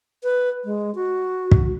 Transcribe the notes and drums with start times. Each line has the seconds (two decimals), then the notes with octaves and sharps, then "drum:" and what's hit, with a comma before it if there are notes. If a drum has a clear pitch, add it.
0.24 B4
0.65 G#3
0.95 F#4
1.51 drum: kick